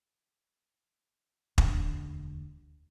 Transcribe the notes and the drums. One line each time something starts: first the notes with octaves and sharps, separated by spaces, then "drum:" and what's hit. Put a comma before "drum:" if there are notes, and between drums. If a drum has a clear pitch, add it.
E1 D2 D4, drum: kick